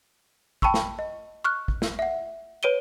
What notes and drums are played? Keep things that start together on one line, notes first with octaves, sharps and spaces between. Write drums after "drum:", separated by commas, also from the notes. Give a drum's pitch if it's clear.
G5 A5 B5 C#6 E6, drum: kick
drum: snare
D#5
C#6 F6 F#6
drum: kick
drum: snare
E5 F#5
B4 C#5 D7 D#7 G7